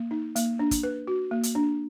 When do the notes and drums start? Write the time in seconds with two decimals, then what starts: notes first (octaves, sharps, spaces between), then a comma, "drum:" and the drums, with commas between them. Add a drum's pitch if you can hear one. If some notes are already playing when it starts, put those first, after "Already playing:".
Already playing: A#3
0.11 D#4
0.36 A#3, drum: hi-hat
0.59 D4
0.71 drum: kick, hi-hat
0.83 B4
1.07 F#4
1.31 A#3
1.43 drum: hi-hat
1.55 D4